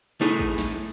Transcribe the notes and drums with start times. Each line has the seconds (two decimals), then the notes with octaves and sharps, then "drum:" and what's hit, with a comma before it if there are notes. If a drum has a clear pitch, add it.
0.21 A3 D#4 E4 G#4
0.39 drum: kick A1
0.58 drum: snare